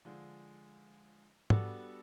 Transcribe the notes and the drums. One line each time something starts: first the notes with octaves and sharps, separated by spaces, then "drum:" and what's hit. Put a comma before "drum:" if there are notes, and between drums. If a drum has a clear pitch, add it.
D3 F3 G#3
G3 B3 D4 F#4 A4, drum: tom